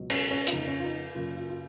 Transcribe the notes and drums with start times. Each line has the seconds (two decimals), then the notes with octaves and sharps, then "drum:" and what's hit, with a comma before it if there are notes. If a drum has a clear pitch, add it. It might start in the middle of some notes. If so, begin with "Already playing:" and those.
Already playing: C#2 B2 F#3
0.10 C#4, drum: cymbal
0.31 C#4
0.47 F4, drum: hi-hat
0.52 F2 C#3 F3 A#3 D#4
0.67 C#4
0.80 F4
0.84 D#4
1.15 F#2 C#3 F#3 A#3 F4
1.36 F4
1.49 F4